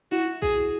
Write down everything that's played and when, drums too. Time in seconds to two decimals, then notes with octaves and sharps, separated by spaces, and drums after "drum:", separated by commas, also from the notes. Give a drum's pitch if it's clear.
0.12 E4 F#4
0.42 G#4, drum: kick